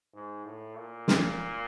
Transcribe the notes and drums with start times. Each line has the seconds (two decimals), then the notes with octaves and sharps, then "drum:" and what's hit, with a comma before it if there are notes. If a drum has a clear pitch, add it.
0.14 G#2
0.45 A2
0.77 A#2
1.08 drum: snare